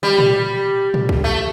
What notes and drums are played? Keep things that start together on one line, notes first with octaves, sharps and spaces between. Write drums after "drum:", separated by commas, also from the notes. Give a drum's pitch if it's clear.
G3
drum: tom A#2
drum: tom A#2
drum: kick
A3